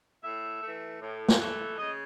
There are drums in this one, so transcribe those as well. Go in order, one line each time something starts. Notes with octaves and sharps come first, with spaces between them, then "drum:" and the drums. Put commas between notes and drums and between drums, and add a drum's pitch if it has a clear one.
A2 E5
E3 A3
A2
drum: snare
E3 A3
C#3 D#5